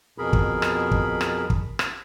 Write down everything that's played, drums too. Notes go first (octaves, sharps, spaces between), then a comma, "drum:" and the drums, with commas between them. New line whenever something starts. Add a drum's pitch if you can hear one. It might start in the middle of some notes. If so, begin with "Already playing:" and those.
F2 B2 G#4 A#4 B5
drum: kick
drum: rim click
drum: kick
drum: rim click
drum: kick
drum: rim click